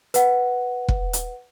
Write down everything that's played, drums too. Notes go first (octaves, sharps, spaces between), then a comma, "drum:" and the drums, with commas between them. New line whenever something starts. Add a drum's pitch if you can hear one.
B4 F#5, drum: hi-hat
drum: kick
drum: hi-hat